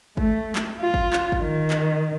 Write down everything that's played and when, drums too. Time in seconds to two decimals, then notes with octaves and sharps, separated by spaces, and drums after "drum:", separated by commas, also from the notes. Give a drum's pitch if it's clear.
0.17 A3, drum: kick
0.56 drum: clap
0.80 F4
0.94 drum: kick
1.13 drum: clap
1.32 drum: kick
1.41 D#3
1.70 drum: clap